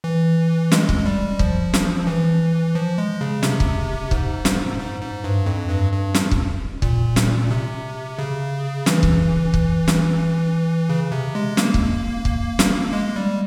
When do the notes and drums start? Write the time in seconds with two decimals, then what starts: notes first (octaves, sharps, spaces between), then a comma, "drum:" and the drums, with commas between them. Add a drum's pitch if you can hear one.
0.04 E3
0.72 G#3, drum: snare
0.89 drum: kick
1.06 G3
1.39 F3, drum: kick
1.74 drum: snare
2.07 E3
2.75 F3
2.98 G#3
3.21 C#3
3.43 C3, drum: snare
3.60 drum: kick
4.11 G#2, drum: kick
4.45 drum: snare
4.79 G#2
5.02 G#2
5.24 G2
5.46 F2
5.69 G2
5.92 G2
6.14 drum: snare
6.31 drum: kick
6.82 A#2, drum: kick
7.16 drum: snare
7.51 C3
8.19 C#3
8.86 E3, drum: snare
9.03 drum: kick
9.54 drum: kick
9.88 drum: snare
10.89 C#3
11.12 C3
11.35 G#3
11.57 A#3, drum: snare
11.74 drum: kick
12.25 drum: kick
12.59 drum: snare
12.93 G#3
13.16 G3